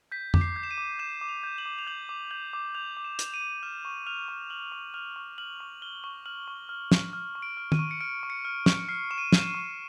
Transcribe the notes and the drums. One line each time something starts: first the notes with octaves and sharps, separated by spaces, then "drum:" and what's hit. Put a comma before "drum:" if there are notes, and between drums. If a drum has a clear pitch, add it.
G6 B6
D6, drum: tom F2
C7
G6
E7
D#7
D6
G6 E7
D6
F7
G6
F#7
D6
F7
G6 F#7
D6
G6 F#7
D6
G6 F7
D6
E7
G6, drum: hi-hat
D#7
D6
F6 E7
C#6
F6 F7
C#6
F6 F#7
C#6
F6 F7
C#6
F6 F#7
C#6
F6 G7
C#6
F6 F#7
C#6
F6
C#6, drum: snare
F6
C#6
D7
F6
D#7, drum: tom D#3
C#6
C#7
F6 D7
C#6
C#7
F6
C#6, drum: snare
F6 C7
C#6 E7
D#7
F6, drum: snare
E7
D#7
C#6